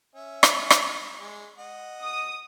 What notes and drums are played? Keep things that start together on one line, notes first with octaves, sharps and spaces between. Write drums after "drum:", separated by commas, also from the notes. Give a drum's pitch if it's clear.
C#4 E5
drum: rim click
drum: rim click
G#3
D#5 F#5
D#6